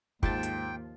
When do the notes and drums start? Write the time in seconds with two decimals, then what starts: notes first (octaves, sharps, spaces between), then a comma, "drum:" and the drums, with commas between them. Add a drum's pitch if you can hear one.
0.23 D#2 G#2 F3 F4 G5 A5, drum: kick
0.43 drum: hi-hat